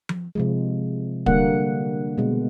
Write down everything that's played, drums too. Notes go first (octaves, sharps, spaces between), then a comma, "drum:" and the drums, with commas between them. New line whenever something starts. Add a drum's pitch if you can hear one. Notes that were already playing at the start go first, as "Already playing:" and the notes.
drum: tom F3
C3 F3 G#3
D3 G3 A#3 F#5, drum: kick
B2 G#3